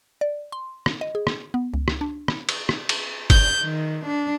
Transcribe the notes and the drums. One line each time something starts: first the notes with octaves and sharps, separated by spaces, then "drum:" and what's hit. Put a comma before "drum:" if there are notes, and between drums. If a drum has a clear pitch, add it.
D5
C6
drum: rim click
D#5
G#4
drum: rim click
B3
C#2
drum: rim click
D4
drum: rim click
drum: cymbal
drum: rim click
drum: cymbal
G6, drum: kick, cymbal
D#3
D4